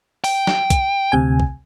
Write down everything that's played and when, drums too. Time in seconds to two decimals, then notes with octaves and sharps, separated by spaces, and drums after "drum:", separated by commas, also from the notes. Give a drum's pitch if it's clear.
0.24 G5, drum: open hi-hat
0.47 drum: snare
0.70 drum: kick, hi-hat
1.12 D2 C3 G#5
1.40 drum: kick